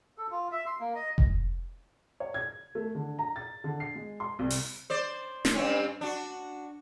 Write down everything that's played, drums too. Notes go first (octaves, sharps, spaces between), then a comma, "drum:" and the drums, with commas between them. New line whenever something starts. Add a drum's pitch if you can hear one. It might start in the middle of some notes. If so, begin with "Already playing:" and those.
A4
F4
E5
C6
A#3
D#5
drum: kick F1
C#5
G#6
A3
D3
A#5
A6
D3
C7
G#3
C6
C2
drum: open hi-hat
C5 D5
drum: snare
G2 C4 C#4
D4 F#4